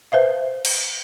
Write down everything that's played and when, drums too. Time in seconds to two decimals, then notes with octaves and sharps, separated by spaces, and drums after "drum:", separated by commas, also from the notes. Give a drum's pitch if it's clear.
0.12 B4 C5 E5 F5
0.65 drum: cymbal